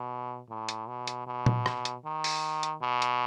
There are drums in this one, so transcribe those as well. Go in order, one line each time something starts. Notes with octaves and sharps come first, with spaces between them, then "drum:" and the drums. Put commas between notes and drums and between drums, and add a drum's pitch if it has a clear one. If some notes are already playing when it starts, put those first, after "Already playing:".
Already playing: B2
A2
drum: hi-hat
B2
drum: hi-hat
B2
drum: tom A#2
drum: rim click
drum: hi-hat
D#3
drum: open hi-hat
drum: hi-hat
B2
drum: hi-hat